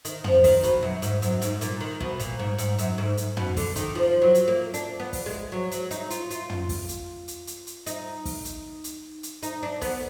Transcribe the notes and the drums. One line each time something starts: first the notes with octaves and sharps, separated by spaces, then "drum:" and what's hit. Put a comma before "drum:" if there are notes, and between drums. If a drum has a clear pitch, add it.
D#3, drum: hi-hat
F3, drum: tom
D#3, drum: kick, open hi-hat
B2, drum: hi-hat
F#2
G#2, drum: hi-hat
F#2, drum: hi-hat
G#2, drum: hi-hat
A#2, drum: hi-hat
D#3
B2, drum: kick
A#2, drum: hi-hat
G#2
G#2, drum: hi-hat
F#2, drum: hi-hat
G#2
drum: hi-hat
B2, drum: tom
D3, drum: kick, open hi-hat
D#3, drum: hi-hat
F3
F#3
drum: hi-hat
A#3
D4, drum: hi-hat
B3
drum: kick, open hi-hat
G#3
F#3
F#3, drum: hi-hat
D#4, drum: hi-hat
F4, drum: hi-hat
F4, drum: hi-hat
drum: tom
drum: kick, open hi-hat
drum: hi-hat
drum: hi-hat
drum: hi-hat
drum: hi-hat
D#4, drum: hi-hat
drum: kick, open hi-hat
drum: hi-hat
drum: hi-hat
drum: hi-hat
D#4, drum: hi-hat
D4
B3, drum: kick, open hi-hat